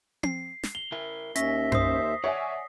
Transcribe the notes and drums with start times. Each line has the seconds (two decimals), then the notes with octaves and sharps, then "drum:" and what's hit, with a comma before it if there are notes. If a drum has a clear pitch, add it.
0.23 C7, drum: tom C4
0.63 drum: snare
0.75 F7 G7
0.92 E4 A#4 E5
1.36 D#2 C#4 E5 A#6 B6, drum: hi-hat
1.72 C5 D#6 C7, drum: tom F#2
2.24 C#5 D5 E5 F#5 G#5